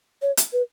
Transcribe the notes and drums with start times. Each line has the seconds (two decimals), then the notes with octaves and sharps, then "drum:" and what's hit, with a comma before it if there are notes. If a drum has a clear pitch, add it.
0.22 C#5
0.37 drum: hi-hat
0.53 B4